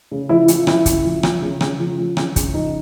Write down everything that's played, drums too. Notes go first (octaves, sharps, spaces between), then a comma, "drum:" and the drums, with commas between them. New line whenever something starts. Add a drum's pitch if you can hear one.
C#3
F3 E4
F3, drum: hi-hat
C#3 E4, drum: rim click
C#3, drum: kick, hi-hat
F3
F3, drum: rim click
C#3
C#3, drum: rim click
F3
F3
C#3, drum: rim click
C#3, drum: kick, hi-hat
F3 D#4